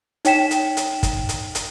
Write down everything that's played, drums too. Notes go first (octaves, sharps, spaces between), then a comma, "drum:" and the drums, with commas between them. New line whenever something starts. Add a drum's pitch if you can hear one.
D#4 C#5 G5 B6 E7, drum: hi-hat
drum: hi-hat
drum: hi-hat
drum: kick, hi-hat
drum: hi-hat
drum: hi-hat